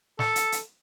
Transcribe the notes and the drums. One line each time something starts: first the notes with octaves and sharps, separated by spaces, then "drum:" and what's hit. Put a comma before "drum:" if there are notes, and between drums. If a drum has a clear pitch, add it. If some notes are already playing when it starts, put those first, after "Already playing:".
A4, drum: snare
drum: hi-hat
drum: hi-hat